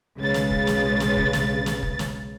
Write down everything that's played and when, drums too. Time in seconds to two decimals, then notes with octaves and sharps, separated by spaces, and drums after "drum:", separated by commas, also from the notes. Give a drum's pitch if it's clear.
0.18 B1 C#3 G#3 B4 A6
0.34 drum: snare
0.51 drum: kick
0.67 drum: snare
1.00 drum: snare
1.17 drum: kick
1.33 drum: snare
1.66 drum: snare
1.83 drum: kick
1.99 drum: snare